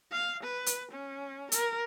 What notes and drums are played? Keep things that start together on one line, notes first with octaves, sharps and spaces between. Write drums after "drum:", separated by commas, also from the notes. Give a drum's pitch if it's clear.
F5
B4
drum: hi-hat
C#4
A#4, drum: hi-hat